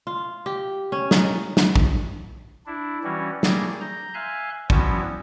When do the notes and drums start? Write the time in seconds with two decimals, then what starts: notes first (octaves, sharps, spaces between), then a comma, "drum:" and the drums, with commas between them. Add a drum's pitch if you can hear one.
0.07 F4
0.46 G4
0.92 C#4
1.11 D#4, drum: snare
1.57 drum: snare
1.76 drum: kick
2.66 D4 E4
3.03 E3 G3 C#4 F#4
3.43 G3 A3 A#3 G#4 A#4, drum: snare
3.80 A#5 G6
4.14 E5 F5 G#5 C6 F#6
4.70 F3 G3 B3 C#4 E4 F#4, drum: kick